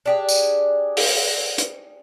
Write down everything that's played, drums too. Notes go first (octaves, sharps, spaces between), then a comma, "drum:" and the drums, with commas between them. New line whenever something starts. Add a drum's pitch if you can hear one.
D4 G4 G#4
drum: tambourine
drum: open hi-hat
drum: hi-hat